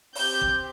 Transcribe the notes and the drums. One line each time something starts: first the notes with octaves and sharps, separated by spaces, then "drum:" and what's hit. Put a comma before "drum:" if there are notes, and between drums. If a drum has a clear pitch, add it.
C4 G4 G6, drum: open hi-hat
drum: kick